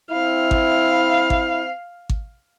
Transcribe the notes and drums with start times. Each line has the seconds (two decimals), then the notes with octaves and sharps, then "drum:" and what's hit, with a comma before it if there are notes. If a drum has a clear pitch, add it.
0.11 C4 E4 F5
0.51 drum: kick G#1
1.30 drum: kick G#1
2.09 drum: kick G#1